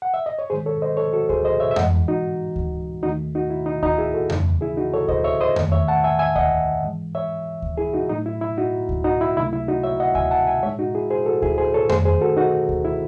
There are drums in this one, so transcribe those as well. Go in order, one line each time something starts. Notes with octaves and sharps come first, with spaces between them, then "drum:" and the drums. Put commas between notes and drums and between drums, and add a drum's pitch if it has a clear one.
F#5
E5
D#5
C#5
G#2 D#3 G#3 G#4 C5
A4 C#5
C5 D#5
A4 C#5
F#4 A4
G#4 C5, drum: kick D2
C5 D#5
C#5 E5
E5
G#2 E3 G#3 D#5 F#5, drum: tom F2
D#4 F#4
drum: kick D2
D#2 D#3 A3 D#4 F#4
D#4 F#4
E4
D#4
D#4 F#4, drum: kick D2
E4 G#4
F#4 A4
D#2 C#3 E3 A3, drum: tom F2
E4 G#4
D#4 F#4
A4 C#5
C5 D#5, drum: kick D2
C#5 E5
C5 D#5
E2 D#3 A3, drum: tom F2
C#5 E5
F#5 A5
E5 G#5
E5 G#5
D#5 F#5, drum: kick D2
G#2 E3 G#3
C#5 E5
drum: kick D2
E4 G#4
D#4 F#4
A2 F#3 A3 D#4
E4
E4
D#4 F#4
drum: kick D2
D#4 F#4
E4
C#2 C3 F#3 A3 E4
E4
D#4 F#4
C#5 E5
D#5 F#5
E5 G#5, drum: kick D2
F#5 A5
E5 G#5
A2 G#3 C#5 E5
D#4 F#4
E4 G#4
G#4 C5
F#4 A4
E4 G#4, drum: kick D2
G#4 C5
A4 C#5
F#2 D#3 A3 G#4 C5, drum: tom F2
G#4 C5
F#4 A4
D#4 F#4
drum: kick D2
E4